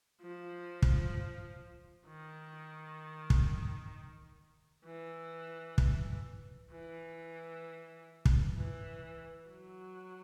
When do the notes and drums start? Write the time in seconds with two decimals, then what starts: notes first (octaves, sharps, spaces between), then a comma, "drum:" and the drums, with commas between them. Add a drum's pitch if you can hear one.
0.21 F3
0.82 drum: kick
2.07 D#3
3.30 drum: kick
4.85 E3
5.78 drum: kick
6.71 E3
8.25 drum: kick
8.56 E3
9.50 F#3